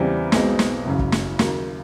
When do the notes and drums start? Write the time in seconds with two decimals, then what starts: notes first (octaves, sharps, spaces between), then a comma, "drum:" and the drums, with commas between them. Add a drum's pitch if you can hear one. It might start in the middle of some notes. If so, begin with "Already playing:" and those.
Already playing: E2 C#3 E3 G3 C4
0.32 B1 B2 G#3 C4, drum: snare
0.59 drum: snare
0.85 F#1 F#2 C#3 F#3
0.99 drum: kick
1.12 drum: snare
1.39 D#2 C#3 F#3 A#3, drum: snare